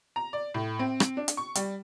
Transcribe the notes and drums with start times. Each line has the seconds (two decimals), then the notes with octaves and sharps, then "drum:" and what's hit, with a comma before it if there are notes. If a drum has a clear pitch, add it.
0.16 A#5
0.33 D5
0.54 A2
0.79 C4
1.00 drum: rim click
1.17 D4
1.28 drum: hi-hat
1.37 C#6
1.55 G3, drum: hi-hat